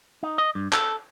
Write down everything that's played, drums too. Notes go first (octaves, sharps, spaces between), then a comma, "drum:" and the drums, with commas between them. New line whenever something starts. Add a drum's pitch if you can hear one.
D#4
D#5
G2
A4, drum: clap